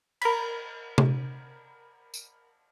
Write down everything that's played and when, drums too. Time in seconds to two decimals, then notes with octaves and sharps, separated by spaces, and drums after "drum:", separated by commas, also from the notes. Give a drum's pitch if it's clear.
0.21 A#4 B5, drum: cymbal
0.98 drum: tom C3
2.14 drum: tambourine